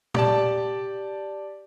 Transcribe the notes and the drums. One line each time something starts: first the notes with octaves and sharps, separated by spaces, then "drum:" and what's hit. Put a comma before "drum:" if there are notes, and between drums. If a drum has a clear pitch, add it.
G4 D5 A5, drum: tom